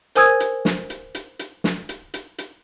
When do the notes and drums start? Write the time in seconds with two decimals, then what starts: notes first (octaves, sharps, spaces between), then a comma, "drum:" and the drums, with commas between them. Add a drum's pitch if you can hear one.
0.15 A#4 C5 G#5 D#6 E6 G#6, drum: hi-hat
0.40 drum: hi-hat
0.65 drum: snare
0.90 drum: hi-hat
1.15 drum: hi-hat
1.39 drum: hi-hat
1.64 drum: snare
1.89 drum: hi-hat
2.14 drum: hi-hat
2.38 drum: hi-hat